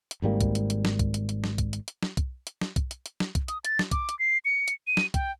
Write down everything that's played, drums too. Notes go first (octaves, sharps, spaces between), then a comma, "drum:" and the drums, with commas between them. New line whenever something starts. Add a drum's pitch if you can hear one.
drum: hi-hat
G#1 G#2 G3 A#3
drum: kick B1, hi-hat
drum: hi-hat
drum: hi-hat
drum: snare
drum: kick B1, hi-hat
drum: hi-hat
drum: hi-hat
drum: snare
drum: kick B1, hi-hat
drum: hi-hat
drum: hi-hat
drum: snare
drum: kick B1, hi-hat
drum: hi-hat
drum: snare
drum: kick B1, hi-hat
drum: hi-hat
drum: hi-hat
drum: snare
drum: kick B1, hi-hat
D#6, drum: hi-hat
A6, drum: hi-hat
drum: snare
D6, drum: kick B1, hi-hat
drum: hi-hat
C7
C#7
drum: hi-hat
D#7
drum: snare
G5, drum: kick B1, hi-hat